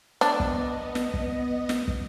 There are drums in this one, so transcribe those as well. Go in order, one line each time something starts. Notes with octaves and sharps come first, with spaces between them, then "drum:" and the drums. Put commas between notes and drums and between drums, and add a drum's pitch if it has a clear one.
B3 D4 D#5, drum: snare
drum: kick
drum: snare
drum: kick
drum: snare
drum: kick